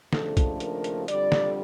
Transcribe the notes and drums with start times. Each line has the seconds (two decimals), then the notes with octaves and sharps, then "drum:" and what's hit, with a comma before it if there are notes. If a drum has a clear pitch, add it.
0.13 D#2 C#3 F3 A3 D4 A4, drum: snare
0.37 drum: kick B1, hi-hat
0.60 A#4, drum: hi-hat
0.84 drum: hi-hat
1.08 F2 D3 G3 D5, drum: hi-hat
1.32 drum: snare